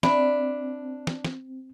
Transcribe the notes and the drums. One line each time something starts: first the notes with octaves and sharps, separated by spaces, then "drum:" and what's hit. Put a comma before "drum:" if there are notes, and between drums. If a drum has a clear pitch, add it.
C4 D4 E5 B5, drum: snare
drum: snare
drum: snare